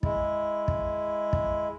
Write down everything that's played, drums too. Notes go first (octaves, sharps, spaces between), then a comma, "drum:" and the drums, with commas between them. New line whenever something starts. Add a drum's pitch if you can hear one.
G#3 E4, drum: kick
drum: kick
drum: kick